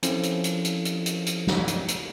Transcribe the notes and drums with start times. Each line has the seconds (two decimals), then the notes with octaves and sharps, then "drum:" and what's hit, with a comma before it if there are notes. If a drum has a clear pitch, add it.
0.03 F3 C4 C#4 E4 F4 A4, drum: hi-hat
0.23 drum: hi-hat
0.44 drum: hi-hat
0.65 drum: hi-hat
0.85 drum: hi-hat
1.06 drum: hi-hat
1.26 drum: hi-hat
1.47 drum: snare
1.68 drum: hi-hat
1.88 drum: hi-hat